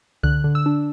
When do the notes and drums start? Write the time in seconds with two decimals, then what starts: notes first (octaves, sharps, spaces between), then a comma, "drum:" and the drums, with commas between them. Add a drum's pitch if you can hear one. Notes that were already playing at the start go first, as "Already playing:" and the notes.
0.23 D3 F#6, drum: kick C#2
0.44 D3
0.55 E6
0.66 D4